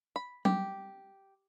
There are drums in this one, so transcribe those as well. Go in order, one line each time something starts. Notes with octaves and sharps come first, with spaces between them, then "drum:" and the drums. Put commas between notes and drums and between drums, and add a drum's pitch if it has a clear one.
B5
G4, drum: tom F#3